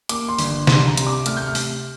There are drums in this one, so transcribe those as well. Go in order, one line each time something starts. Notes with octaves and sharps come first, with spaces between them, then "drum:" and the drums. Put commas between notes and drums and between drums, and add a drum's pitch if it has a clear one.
A#3 D6, drum: hi-hat
C6
G1, drum: open hi-hat
C2 C6, drum: snare
A#5
C3, drum: hi-hat
D6
A3 F6, drum: hi-hat
G6
F6
C3, drum: open hi-hat